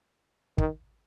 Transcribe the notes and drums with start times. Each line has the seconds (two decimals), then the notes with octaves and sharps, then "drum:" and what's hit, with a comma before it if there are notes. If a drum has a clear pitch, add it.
0.58 D#3, drum: kick